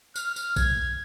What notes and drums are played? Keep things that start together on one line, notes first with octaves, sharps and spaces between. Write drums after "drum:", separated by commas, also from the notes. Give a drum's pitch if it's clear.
F6, drum: tambourine
drum: tambourine
G#6, drum: kick A#1, tambourine